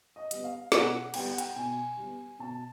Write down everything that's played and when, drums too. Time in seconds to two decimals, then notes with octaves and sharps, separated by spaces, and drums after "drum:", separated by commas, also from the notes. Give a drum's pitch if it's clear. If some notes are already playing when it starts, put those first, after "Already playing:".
0.16 D#5
0.31 G3 B3, drum: hi-hat
0.44 F5
0.72 B2 F#5, drum: snare
1.14 G3 B3 G5, drum: cymbal
1.27 F#5
1.38 G5, drum: hi-hat
1.56 B2 G#5
1.97 G3
2.03 B3
2.39 B2 A5